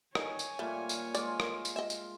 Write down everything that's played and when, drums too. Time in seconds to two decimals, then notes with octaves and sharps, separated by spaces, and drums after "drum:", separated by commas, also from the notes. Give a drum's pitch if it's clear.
0.15 D#3 C#5 G#5, drum: rim click
0.39 drum: tambourine
0.59 A#2 G3 A3 F5
0.89 drum: tambourine
1.15 G#3 F4 D5, drum: tambourine
1.40 drum: rim click
1.65 drum: tambourine
1.76 D#5 E5
1.90 drum: tambourine